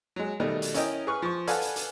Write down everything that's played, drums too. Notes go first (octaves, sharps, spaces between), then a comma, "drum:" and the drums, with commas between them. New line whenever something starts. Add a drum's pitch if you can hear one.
F#3 G#3
B2 D#3 G3 A3
drum: hi-hat
C#4 E4 A#4 D#5 G5, drum: hi-hat
G#4 B4 C#6 F6
F3 C#6
A4 B4 D5 F5 F#5 G#5, drum: hi-hat
drum: hi-hat
drum: hi-hat